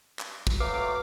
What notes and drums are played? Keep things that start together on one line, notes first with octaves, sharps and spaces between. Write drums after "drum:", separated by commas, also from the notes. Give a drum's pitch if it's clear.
drum: clap
drum: kick
F#3 A3 B4 F5 D6